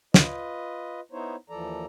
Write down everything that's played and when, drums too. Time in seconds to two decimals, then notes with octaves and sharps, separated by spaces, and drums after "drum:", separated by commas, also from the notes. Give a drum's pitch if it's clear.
0.14 F4 B4 D#5, drum: snare
1.12 B3 D#4 E4 C5 C#5
1.50 D#2 E3 F3 A4 D5 A#5